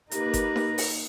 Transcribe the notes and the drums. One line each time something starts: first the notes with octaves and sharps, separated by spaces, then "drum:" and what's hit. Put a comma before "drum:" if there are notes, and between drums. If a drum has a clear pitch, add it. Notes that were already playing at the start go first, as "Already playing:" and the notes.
A#3 D#4 G4 A#4 B4 A#5, drum: hi-hat
drum: kick G1, hi-hat
drum: snare D#4
drum: open hi-hat